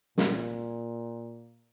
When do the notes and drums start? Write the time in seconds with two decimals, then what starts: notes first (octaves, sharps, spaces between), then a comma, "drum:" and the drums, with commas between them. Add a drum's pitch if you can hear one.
0.18 A#2, drum: snare